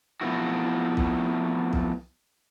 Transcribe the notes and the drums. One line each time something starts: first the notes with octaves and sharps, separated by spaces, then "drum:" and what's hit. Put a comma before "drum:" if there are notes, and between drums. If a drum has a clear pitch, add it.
F3 A3 B3 C4 E4 F#4
drum: kick
drum: kick